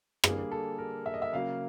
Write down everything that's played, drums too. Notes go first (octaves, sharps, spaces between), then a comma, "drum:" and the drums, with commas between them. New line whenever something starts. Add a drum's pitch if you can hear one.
D3 G3 A#3 G#4, drum: rim click
A4
A#4
E5
D#5
E5
C#3 F#3 A#3 F5